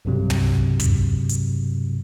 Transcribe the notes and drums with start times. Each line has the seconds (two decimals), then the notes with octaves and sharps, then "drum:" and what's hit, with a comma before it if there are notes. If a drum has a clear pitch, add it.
0.05 B1 G2 C3 F#3
0.30 drum: tom
0.80 drum: kick, hi-hat
1.29 drum: hi-hat